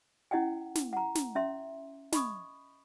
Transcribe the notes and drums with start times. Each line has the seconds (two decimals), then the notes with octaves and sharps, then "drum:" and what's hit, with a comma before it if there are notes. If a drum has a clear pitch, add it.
0.31 C#4 E4 D#5 F#5 G5
0.75 drum: snare
0.93 F#5 A#5
1.15 drum: snare
1.35 C#4 E5 C6
2.12 D#5 B5 C#6 D#6, drum: snare